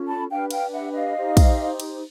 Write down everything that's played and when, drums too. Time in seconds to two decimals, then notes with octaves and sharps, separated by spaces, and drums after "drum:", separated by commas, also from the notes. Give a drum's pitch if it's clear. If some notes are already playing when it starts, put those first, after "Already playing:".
Already playing: C#4 F4 A4
0.08 A5 B5
0.30 D4 G4 B4 F5 G5
0.51 F5 G5, drum: cymbal
0.72 E5 F#5
0.94 D#5 F5
1.16 D#4 G4 C5
1.37 drum: kick, cymbal
1.80 drum: cymbal